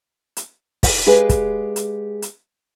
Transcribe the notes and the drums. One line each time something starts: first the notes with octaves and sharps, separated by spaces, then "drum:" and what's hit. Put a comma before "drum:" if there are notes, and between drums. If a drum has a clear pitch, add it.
drum: hi-hat
drum: kick, open hi-hat
G#3 G4 G#4 B4 F5 G#5
drum: kick, hi-hat
drum: hi-hat
drum: hi-hat